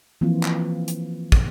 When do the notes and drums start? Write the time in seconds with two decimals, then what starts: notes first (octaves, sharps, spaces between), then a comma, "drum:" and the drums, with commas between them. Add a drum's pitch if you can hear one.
0.21 E3 F3 A#3 C4 F4
0.43 drum: clap
0.88 drum: hi-hat
1.32 drum: kick